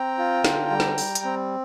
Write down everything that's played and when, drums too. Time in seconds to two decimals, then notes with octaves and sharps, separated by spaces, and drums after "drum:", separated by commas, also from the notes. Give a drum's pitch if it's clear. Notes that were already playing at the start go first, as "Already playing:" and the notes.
Already playing: C4 G5 A#5
0.18 F4
0.44 D3, drum: snare
0.71 G3
0.80 drum: snare
0.98 G3, drum: open hi-hat
1.15 drum: hi-hat
1.25 C4